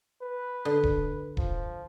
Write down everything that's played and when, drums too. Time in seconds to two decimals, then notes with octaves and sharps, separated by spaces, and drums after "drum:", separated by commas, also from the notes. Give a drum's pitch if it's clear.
0.22 B4
0.65 D3
0.83 drum: kick D#1
1.37 F3, drum: kick D#1